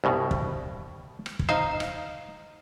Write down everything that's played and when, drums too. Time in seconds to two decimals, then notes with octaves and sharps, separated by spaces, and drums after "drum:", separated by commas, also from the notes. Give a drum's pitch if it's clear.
0.04 C2 G2 B2
0.31 drum: kick
1.26 drum: rim click
1.39 drum: kick
1.49 D#4 C5 F5
1.80 drum: rim click